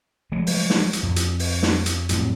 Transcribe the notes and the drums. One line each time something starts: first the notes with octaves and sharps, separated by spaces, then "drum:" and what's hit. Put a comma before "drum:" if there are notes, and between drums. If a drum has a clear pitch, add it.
F3 F#3 G#3 A3
drum: open hi-hat
drum: snare
drum: hi-hat
F2
drum: hi-hat
drum: open hi-hat
drum: snare
drum: hi-hat
F2 A2 F#3 C4, drum: hi-hat